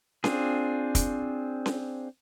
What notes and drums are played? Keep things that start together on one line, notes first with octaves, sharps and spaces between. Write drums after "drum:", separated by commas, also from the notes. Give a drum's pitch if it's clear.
C4 D4 F4 G#4, drum: snare C#4
drum: kick, hi-hat
drum: snare C#4